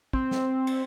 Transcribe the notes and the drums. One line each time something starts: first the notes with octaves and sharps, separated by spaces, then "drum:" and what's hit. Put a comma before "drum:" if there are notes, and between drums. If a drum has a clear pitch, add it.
C4, drum: kick
drum: snare
drum: cymbal